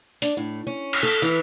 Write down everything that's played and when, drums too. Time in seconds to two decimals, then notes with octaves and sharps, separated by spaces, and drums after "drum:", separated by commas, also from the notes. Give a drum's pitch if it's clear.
0.22 D4, drum: hi-hat
0.37 A2
0.67 C#4
0.93 drum: cymbal
1.03 A4
1.22 E3